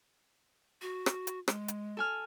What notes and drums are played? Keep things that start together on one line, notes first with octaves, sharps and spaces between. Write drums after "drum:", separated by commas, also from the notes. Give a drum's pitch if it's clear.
F#4
drum: rim click
drum: hi-hat
G#3, drum: rim click
drum: hi-hat
A4 G#5 F6